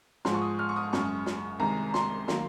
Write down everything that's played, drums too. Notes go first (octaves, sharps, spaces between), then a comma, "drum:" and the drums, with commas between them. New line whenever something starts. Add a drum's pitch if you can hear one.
G#2 F3 G#3 C6, drum: snare
C#6
D#6
F6
C#6
D#6
F#2 C#3 G#3 C#6, drum: snare
drum: snare
C2 C3 D#3 G#3 A#5
C6, drum: snare
D#3 F#3 A#3 C6, drum: snare